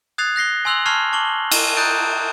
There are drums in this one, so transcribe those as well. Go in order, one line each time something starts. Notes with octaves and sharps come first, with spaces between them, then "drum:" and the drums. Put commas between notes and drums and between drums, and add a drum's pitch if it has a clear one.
D#6 F#6 G#6 A6 C7 F7
F#6 A#6 C7 G7
G#5 C6 E6 F#6 F7 F#7
A5 C#6 F6 G#6 C7 F7
A5 C#6 D6 F#7 G7
drum: cymbal
A#5 D#6 F#6 G6 A6 D7